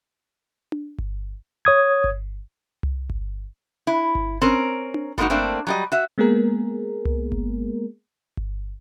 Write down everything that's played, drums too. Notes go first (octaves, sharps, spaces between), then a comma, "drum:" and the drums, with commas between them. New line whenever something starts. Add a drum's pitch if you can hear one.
drum: tom D4
drum: kick G1
C#5 D#6 G#6
drum: kick G1
drum: tom C2
drum: kick G1
E4
drum: kick G1
C4 C#4 A#4
drum: tom D4
G3 G#3 A#3 B3 D#4 F#4, drum: kick G1
A3 A#3 C4 D4
F#3 G3 D#5
F#4 E5
G#3 A#3 B3 G#4 A#4
drum: tom C2
drum: kick G1
drum: kick G1